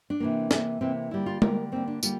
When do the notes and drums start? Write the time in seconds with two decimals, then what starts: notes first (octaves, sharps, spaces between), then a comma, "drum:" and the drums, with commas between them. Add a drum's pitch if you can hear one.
0.10 D4
0.20 C3 E3 A#3
0.51 C3 E3 A#3, drum: snare
0.81 C3 E3 A#3 C4
1.11 D3 G3 A#3 E4
1.26 F4
1.42 D3 G3 A#3 A#4, drum: tom G#3
1.72 D3 G3 A#3 C4
1.88 D4
2.03 D3 G3 A#3 F4, drum: tambourine